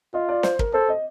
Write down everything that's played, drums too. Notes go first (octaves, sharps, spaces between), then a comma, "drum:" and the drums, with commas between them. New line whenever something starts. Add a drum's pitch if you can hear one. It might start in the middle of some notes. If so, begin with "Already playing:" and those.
F4 D#5
D5
C5, drum: snare
A#4, drum: kick
A4 C5
D#5